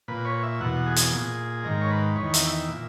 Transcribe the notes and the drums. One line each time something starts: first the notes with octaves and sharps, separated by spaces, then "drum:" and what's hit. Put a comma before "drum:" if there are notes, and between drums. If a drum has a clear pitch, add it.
A#2 B4
C#5
E5
E2 B2 F#5
G#4
drum: hi-hat
A#2
G#2 D#3 A#4
C#5
B4
E2 D#3 C#5
E5, drum: hi-hat
E5
A#2